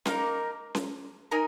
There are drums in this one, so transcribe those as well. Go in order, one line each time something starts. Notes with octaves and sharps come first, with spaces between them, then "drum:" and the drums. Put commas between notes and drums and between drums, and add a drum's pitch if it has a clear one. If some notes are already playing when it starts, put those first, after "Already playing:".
A#3 D#4 A#4, drum: snare C#4
drum: snare C#4
D#4 A#4 G#5